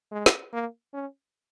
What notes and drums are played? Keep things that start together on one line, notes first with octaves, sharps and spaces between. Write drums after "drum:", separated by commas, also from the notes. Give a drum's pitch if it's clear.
G#3
drum: snare
A#3
C#4